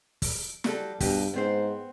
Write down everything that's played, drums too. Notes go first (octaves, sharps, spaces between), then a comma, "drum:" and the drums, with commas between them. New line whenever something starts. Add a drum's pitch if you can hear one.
drum: kick, open hi-hat
F#3 G3 A4, drum: snare
G2 B2 G4, drum: kick, open hi-hat
G#2 B3 C4 C5